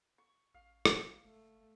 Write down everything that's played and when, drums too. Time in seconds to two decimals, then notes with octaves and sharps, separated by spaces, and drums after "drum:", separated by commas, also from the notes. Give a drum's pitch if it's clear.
0.18 C#6
0.54 A1 F5
0.85 drum: rim click
1.25 F#1 A3